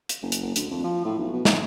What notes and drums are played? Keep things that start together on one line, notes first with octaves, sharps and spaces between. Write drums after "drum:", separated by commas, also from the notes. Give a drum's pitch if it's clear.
drum: hi-hat
F#1
drum: hi-hat
F#1
D2, drum: hi-hat
F2
F3
A2
B1
B2
G#2, drum: snare